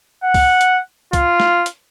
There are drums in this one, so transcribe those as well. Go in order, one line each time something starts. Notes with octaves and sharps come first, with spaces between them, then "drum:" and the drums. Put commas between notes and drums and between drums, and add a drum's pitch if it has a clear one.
F#5
drum: kick C2, open hi-hat
drum: hi-hat
F4, drum: kick C2, hi-hat
drum: snare
drum: hi-hat